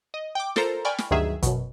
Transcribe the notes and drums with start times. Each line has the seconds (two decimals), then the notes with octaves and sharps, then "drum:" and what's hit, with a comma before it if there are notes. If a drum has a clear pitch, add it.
0.14 D#5
0.35 G5 D6
0.56 F4 A4 A#4 C5 A#5, drum: snare
0.85 D5 G5 G#5 B5 C#6 F6
0.98 drum: snare
1.11 D2 G2 D#3 F#3 G#4 E5
1.43 F#2 B2, drum: kick, hi-hat